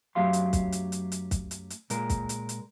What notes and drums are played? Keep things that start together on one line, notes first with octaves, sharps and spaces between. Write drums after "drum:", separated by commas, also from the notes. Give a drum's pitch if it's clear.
F#2 F#3 A3 G4 F5 C6
drum: hi-hat
drum: kick, hi-hat
drum: hi-hat
drum: hi-hat
drum: hi-hat
drum: kick, hi-hat
drum: hi-hat
drum: hi-hat
A#2 G#3 A#4, drum: hi-hat
drum: kick, hi-hat
drum: hi-hat
drum: hi-hat